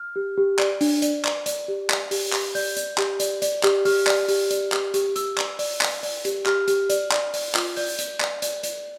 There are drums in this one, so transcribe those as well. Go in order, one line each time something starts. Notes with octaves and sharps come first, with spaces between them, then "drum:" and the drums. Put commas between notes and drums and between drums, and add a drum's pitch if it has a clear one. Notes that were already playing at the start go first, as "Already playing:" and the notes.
Already playing: F6
G4
G4
D5, drum: clap
D4, drum: open hi-hat
D5, drum: hi-hat
D5, drum: clap
D5, drum: hi-hat
G4
D5, drum: clap
G4, drum: open hi-hat
G4, drum: clap
D5 G6, drum: open hi-hat
D5, drum: hi-hat
G4, drum: clap
D5, drum: hi-hat
D5, drum: hi-hat
G4, drum: clap
G4 F6, drum: open hi-hat
D5, drum: clap
G4, drum: open hi-hat
D5, drum: hi-hat
G4, drum: clap
G4, drum: hi-hat
G4 E6, drum: hi-hat
D5, drum: clap
D5, drum: open hi-hat
D5, drum: clap
D5, drum: open hi-hat
G4, drum: hi-hat
G4 F6, drum: clap
G4, drum: hi-hat
D5, drum: hi-hat
D5, drum: clap
D5, drum: open hi-hat
F4, drum: clap
D5 G6, drum: open hi-hat
D5, drum: hi-hat
D5, drum: clap
D5, drum: hi-hat
D5, drum: hi-hat